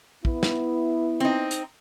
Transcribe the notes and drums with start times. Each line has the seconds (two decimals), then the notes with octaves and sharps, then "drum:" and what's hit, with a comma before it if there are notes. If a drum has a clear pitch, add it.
0.25 B3 E4, drum: kick
0.43 drum: snare
1.20 C4 D#4
1.51 drum: hi-hat